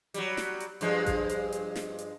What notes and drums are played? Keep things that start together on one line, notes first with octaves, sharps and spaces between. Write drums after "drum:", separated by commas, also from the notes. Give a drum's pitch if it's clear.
F#3 G3, drum: hi-hat
drum: snare
drum: hi-hat
G2 F3 G#3, drum: hi-hat
drum: kick A1, hi-hat
drum: hi-hat
drum: hi-hat
drum: snare
drum: hi-hat